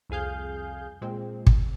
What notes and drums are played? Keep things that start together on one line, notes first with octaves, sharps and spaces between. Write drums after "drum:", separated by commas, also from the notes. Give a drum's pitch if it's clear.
C2 F2 G#4 F5 G6
A#2 G#3 C4
drum: kick